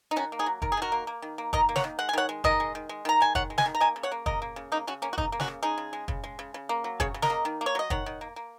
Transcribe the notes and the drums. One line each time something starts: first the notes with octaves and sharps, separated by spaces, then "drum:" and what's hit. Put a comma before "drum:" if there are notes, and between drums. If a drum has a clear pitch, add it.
D#4
D#3 C#4 F#4
A#3
D#4 G#4
F#3
D#3 A#4, drum: kick
G#4
D#3 F#4 A#4
A#3
A#3
D#3
A#3
D#3 A#4 D#5, drum: kick
A#3
C#5 F#5, drum: snare
D#3
G#3 F#5
G#5
D#3 C#5 F#5
G#3
D#3 A#4 D#5, drum: kick
G#3
D#3
G#3
D#3 A#5
G#3 G#5
D#3 C#5 F#5, drum: kick
G#3
D#5 G#5, drum: snare
D#3
A#5
A#3 D#5 G#5
C#3
C#5 F#5
A#3
C#3 A#4 D#5, drum: kick
A#3
C#3
A#3 D#4
C#3 C#4 F#4
A#3 C#4
F#4
C#3 D#4, drum: kick
A#3
C#4 F#4, drum: snare
C#3
G#3 D#4 G#4
C#3
G#3
C#3, drum: kick
G#3
C#3
C#3
A#3
F#3
C#3 G#4 C#5, drum: kick
C#3
A#4 D#5, drum: snare
A#3
D#3
A#3
C#5
F#3 D#5
D#3 C#5 F#5, drum: kick
D#3
A#3
A#3